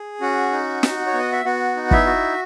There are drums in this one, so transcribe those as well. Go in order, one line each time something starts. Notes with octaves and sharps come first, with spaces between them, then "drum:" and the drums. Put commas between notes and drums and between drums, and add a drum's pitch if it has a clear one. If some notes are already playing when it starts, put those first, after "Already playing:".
Already playing: G#4
C#4 F#4 F#5
D#4
F#4, drum: snare
C#5
B3
D#5
E5
B3 F#4 F#5
D#4
E4 E5, drum: kick
F#4